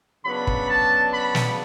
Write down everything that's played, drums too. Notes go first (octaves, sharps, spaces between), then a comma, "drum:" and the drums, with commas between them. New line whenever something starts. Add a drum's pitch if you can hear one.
C#3 F#3 B3 D4 B5
drum: kick
A5
B5
drum: snare